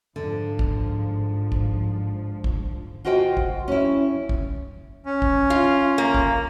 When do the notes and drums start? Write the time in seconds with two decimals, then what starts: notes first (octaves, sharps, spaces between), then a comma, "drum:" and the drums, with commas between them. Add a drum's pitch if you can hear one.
0.16 G#2 D3 F3
0.59 drum: kick
1.52 drum: kick
2.44 drum: kick
3.05 F4 F#4 C5 D#5 G5
3.37 drum: kick
3.68 C#4 E4
4.29 drum: kick
5.05 C#4
5.22 drum: kick
5.50 F4
5.98 A#3
6.15 drum: kick